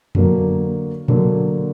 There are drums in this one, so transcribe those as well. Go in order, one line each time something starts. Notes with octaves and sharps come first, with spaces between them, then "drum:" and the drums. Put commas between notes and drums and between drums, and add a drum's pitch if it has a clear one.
D3 F#3 A#3, drum: tom F2
D3 F#3 A#3, drum: tom A#2